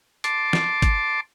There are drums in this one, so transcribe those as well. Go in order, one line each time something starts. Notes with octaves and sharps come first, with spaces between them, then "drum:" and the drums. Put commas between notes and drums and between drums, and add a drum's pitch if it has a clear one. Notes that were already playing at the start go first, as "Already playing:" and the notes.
A5 C6 D6, drum: hi-hat
drum: snare
drum: kick, hi-hat